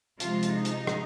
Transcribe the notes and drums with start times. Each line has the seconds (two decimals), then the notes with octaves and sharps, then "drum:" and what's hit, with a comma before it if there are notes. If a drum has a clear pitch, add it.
0.20 C3 F3 G#3 F4, drum: hi-hat
0.43 drum: hi-hat
0.54 D#4
0.65 drum: hi-hat
0.87 drum: rim click